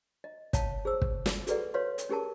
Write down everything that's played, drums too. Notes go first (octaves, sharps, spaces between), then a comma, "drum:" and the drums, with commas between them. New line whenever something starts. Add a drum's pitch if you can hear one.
D#5
C#5 F5 A5, drum: kick, hi-hat
G#4 C5 E6
drum: kick
drum: snare
F#4 G#4 A4 B4 D5 F#5, drum: hi-hat
B4 C#5 F5 C6
drum: hi-hat
C#4 G4 G#4 A#4 A5